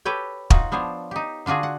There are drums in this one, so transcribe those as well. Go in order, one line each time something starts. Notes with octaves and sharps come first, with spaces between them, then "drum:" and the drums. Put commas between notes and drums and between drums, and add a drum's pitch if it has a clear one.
G4 A4 B4 C#5 G5
D#4 F4 F#4, drum: kick
F3 B3 D4 C5 C#5
D#4 G4
D3 D4 F4 F#4 G#4
F#5